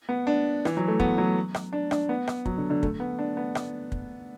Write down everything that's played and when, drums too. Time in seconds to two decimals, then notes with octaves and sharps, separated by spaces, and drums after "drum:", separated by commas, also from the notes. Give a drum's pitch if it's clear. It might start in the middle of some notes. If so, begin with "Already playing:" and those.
0.09 B3
0.27 D4
0.65 E3, drum: rim click
0.77 F#3
0.88 A3
1.00 B3, drum: kick
1.18 F#3
1.54 drum: rim click
1.73 D4
1.91 D4, drum: rim click
2.09 B3
2.27 drum: rim click
2.46 F#3, drum: kick
2.58 D3
2.70 D3
2.83 A3, drum: kick
3.00 B3
3.19 D4
3.37 B3
3.55 drum: rim click
3.92 drum: kick